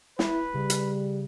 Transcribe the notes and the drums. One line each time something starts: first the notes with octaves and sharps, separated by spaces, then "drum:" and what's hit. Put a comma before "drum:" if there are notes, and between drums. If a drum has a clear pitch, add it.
E4 B4, drum: snare
C#3 G3
drum: hi-hat